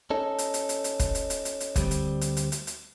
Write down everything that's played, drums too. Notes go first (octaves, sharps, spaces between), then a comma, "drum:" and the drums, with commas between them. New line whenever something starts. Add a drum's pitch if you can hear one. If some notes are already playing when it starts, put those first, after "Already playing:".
C#4 D#4 A4
drum: hi-hat
drum: hi-hat
drum: hi-hat
drum: hi-hat
drum: kick, hi-hat
drum: hi-hat
drum: hi-hat
drum: hi-hat
drum: hi-hat
D2 G3 C4, drum: kick, hi-hat
drum: hi-hat
drum: hi-hat
drum: hi-hat
drum: hi-hat
drum: hi-hat